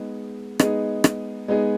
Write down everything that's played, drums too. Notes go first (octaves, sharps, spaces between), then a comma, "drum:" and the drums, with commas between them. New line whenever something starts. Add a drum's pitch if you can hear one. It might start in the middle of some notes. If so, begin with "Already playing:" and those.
Already playing: G#3 B3 D#4 G#4
G#3 B3 D#4 G#4, drum: rim click
drum: rim click
G#3 B3 D#4 G#4